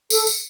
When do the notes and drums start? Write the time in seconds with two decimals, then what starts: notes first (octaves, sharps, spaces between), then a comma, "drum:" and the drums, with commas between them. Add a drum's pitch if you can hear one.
0.10 A4, drum: tambourine
0.27 drum: tambourine